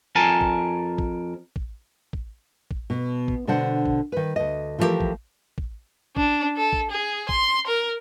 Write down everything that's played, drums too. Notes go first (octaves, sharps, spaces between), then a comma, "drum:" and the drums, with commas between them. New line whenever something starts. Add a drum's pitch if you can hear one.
F2 A#4 G#5 A5
drum: kick
drum: kick
drum: kick
drum: kick
drum: kick
B2
drum: kick
B2 D3 D4 C5 F#5
drum: kick
D#3 B4
D2 D#5
E3 F3 A3 D#4 G4 A#4
drum: kick
drum: kick
D4, drum: kick
A4
drum: kick
G#4
C6, drum: kick
A#4